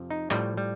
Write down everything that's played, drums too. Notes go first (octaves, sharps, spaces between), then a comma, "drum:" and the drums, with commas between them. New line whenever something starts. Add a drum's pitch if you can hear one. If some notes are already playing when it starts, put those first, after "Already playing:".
Already playing: F2 C3 F3
D#4
A2 F3 G3, drum: clap
G3